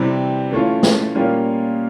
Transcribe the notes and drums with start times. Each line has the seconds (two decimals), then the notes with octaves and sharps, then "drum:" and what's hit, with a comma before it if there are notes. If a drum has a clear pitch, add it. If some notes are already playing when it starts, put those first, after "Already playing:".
Already playing: C3 E3 G3 C4
0.51 E3 A3 C#4 F4
0.83 drum: snare
1.15 A#2 G3 A#3 C#4 F4